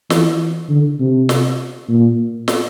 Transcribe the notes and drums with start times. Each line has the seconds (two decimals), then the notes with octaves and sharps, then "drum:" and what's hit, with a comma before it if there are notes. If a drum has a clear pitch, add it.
0.10 E3, drum: snare
0.69 D3
1.00 C3
1.29 drum: snare
1.89 A#2
2.48 drum: snare